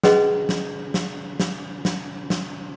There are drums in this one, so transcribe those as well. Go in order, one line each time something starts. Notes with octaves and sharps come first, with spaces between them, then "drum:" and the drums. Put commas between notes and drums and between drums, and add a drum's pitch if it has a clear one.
C#4 F#4 G#4 B4 D#5 F#5, drum: snare
drum: snare
drum: snare
drum: snare
drum: snare
drum: snare